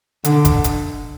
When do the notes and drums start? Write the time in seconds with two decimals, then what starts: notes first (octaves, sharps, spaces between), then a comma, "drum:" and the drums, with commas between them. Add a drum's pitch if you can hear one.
0.24 D3, drum: hi-hat
0.45 drum: kick F#1, hi-hat
0.64 drum: hi-hat